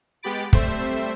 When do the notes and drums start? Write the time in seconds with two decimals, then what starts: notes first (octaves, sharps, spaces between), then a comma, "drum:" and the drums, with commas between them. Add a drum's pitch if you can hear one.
0.23 G#3 B3 G4 B5 A6 D7
0.53 G3 A3 C4 C5 E5, drum: kick